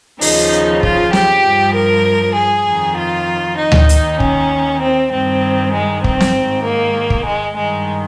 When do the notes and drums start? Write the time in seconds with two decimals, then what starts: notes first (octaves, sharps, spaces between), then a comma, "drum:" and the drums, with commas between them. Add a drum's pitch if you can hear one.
0.21 D#2 C#3 F3 D#4, drum: open hi-hat
0.83 F4, drum: kick
1.13 G4, drum: snare
1.43 G2 F3
1.74 A#4
2.36 G#4
2.66 F2 D#3
2.97 F4
3.59 D#4
3.72 drum: tom D2
3.89 D#2 D#3, drum: hi-hat
4.20 C#4, drum: kick
4.82 C4
5.12 G2 D#3 C4
5.73 G#3
6.04 C4, drum: kick
6.20 drum: snare
6.35 G#2 D#3
6.66 A#3
7.10 drum: kick
7.26 G#3
7.57 G2 D#3 G#3